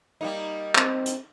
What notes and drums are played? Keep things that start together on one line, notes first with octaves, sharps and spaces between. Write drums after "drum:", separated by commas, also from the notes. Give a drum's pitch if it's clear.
G3 A#3 D#4
C4, drum: clap
drum: hi-hat